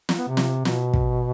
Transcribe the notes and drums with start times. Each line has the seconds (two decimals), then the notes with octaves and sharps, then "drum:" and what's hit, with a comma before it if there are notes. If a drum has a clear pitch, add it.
0.09 drum: snare
0.18 B3
0.28 C3
0.37 drum: snare
0.65 B2, drum: snare
0.94 drum: kick